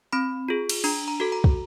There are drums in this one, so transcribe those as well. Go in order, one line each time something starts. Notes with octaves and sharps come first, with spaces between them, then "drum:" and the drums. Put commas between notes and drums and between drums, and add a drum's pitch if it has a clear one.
C4 B5
F4 G#4
drum: cymbal
D4 A#5, drum: open hi-hat
A#5
F#4 A4
A#5
drum: kick